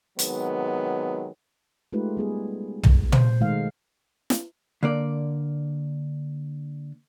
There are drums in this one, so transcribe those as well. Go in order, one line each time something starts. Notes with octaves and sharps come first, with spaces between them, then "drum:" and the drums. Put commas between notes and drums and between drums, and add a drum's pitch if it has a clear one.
C3 D#3 F#3 G#3 B3, drum: hi-hat
G#3 A3 D#4 F4 G4 B4
G3 B3 G#4
drum: tom
C5, drum: tom
B2 D#3 G#3 A3 D#4 F5
drum: snare
D3 A#3 D5